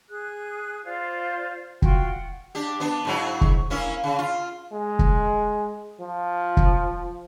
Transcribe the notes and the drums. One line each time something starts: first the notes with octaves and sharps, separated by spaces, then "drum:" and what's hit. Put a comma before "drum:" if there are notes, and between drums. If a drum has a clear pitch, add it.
G#4 F#6
F4 C5 D5 F5
F4 F#4 G5 C6, drum: kick
F#5
D4 G4
B3 D4
G#2 F#3 E4
drum: kick
A#3 C#4 E4
C#3
F4
G#3
drum: kick
F3
drum: kick